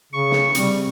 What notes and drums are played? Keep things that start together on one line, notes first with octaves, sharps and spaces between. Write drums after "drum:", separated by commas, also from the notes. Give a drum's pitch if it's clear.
C#3 C#6
drum: snare
C3 G3, drum: hi-hat